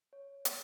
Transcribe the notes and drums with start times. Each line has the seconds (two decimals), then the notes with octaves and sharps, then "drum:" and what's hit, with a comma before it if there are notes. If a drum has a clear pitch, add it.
0.13 C#5
0.45 drum: hi-hat